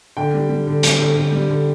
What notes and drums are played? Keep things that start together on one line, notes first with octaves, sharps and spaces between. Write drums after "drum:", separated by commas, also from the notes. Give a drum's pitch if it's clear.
D3 G5
G3
G3
D3
G3, drum: hi-hat
D3
D3
G3
D3